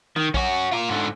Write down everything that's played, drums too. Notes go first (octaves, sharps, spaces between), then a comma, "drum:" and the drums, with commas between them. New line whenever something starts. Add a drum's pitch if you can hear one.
D#3
C#4 F#4, drum: kick A#1
F4 A#4
G#2 D3